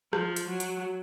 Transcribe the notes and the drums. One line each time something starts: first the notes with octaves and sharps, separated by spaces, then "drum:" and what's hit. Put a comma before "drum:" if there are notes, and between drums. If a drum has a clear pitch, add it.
F3, drum: rim click
drum: hi-hat
F#3
drum: hi-hat